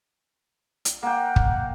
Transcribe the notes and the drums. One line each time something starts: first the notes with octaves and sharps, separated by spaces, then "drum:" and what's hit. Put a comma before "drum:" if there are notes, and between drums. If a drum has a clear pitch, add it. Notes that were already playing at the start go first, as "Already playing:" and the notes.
drum: hi-hat
A#3 F#5 G5
drum: kick